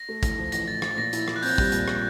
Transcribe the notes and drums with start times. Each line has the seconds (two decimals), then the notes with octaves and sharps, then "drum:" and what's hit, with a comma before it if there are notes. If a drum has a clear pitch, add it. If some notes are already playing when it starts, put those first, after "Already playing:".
Already playing: A#6
0.09 A3
0.23 A2, drum: kick, hi-hat
0.38 F3
0.52 A1 A#6, drum: hi-hat
0.68 A2 A6
0.82 F3 A6, drum: rim click
0.97 A#2 A#6
1.13 E4, drum: hi-hat
1.21 A6
1.28 E4, drum: rim click
1.36 F#6
1.43 C4 G6, drum: open hi-hat
1.58 G3, drum: kick
1.72 A#2, drum: hi-hat
1.88 drum: rim click